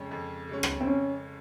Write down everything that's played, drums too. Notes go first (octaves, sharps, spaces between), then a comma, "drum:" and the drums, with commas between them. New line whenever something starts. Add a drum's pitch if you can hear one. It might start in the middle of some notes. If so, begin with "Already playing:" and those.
Already playing: F2 C#3 G#3 C#4
F2
C#3 G#3 C#4
drum: rim click
C4
C#4